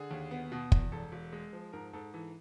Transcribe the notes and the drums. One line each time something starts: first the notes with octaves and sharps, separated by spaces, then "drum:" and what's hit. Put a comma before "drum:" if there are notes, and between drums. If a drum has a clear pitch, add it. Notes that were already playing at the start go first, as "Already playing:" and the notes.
Already playing: D3 G#4
D#2
B3
B2
E2, drum: kick
E1 A4
E1
G#3
F3
G#2 A#4
G#2 A4
E3 A4